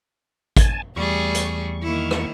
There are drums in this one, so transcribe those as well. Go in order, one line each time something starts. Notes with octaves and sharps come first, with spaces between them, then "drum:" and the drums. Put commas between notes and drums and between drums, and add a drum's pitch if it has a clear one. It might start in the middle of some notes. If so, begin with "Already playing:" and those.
G#5 A5, drum: kick, hi-hat
E2 G3 A3 G#4 C#6
drum: hi-hat
D#3 A#3 E4
drum: rim click